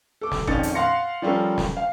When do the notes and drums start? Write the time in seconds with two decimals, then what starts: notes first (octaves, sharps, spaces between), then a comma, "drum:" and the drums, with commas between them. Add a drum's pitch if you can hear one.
0.21 A4 D6
0.32 drum: snare
0.47 A#1 F2 D#3 C#4 A6 C#7, drum: kick G1
0.63 drum: hi-hat
0.75 F5 F#5 C6 A#6 C#7
1.22 F3 G3 C#4 A4 A#4
1.58 drum: snare
1.77 F5